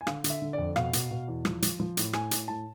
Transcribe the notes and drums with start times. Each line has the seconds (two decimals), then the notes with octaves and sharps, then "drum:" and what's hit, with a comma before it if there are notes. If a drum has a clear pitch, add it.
0.01 G#5
0.07 D3 F5, drum: rim click
0.24 D3, drum: hi-hat
0.30 E5
0.42 D3
0.53 F2 D5
0.76 B2 F5, drum: rim click
0.93 B2, drum: hi-hat
1.11 B2
1.28 E2
1.45 F3, drum: rim click
1.62 F3, drum: hi-hat
1.80 F3
1.97 A2, drum: hi-hat
2.13 A2 G#5, drum: rim click
2.31 A2, drum: hi-hat
2.48 A2 A5